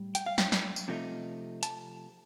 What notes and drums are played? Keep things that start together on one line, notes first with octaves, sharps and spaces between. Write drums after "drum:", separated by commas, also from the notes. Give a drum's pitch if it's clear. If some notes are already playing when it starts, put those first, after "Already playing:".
Already playing: A2 G3
G5, drum: hi-hat
F5
G5, drum: snare
drum: snare
drum: tambourine
C3 F3 A3 C4 D#4
A5, drum: hi-hat